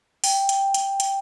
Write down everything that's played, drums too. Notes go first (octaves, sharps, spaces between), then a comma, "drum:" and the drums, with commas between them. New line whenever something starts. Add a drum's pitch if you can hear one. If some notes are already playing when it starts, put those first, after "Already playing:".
G5, drum: open hi-hat
drum: hi-hat
drum: hi-hat
drum: hi-hat